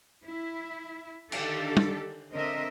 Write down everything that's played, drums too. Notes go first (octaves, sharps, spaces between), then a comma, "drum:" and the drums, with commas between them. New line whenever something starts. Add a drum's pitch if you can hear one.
E4
D3 D#3 D4 G4 A4, drum: cymbal
drum: tom
D3 C4 D4 A#4 D#5 E5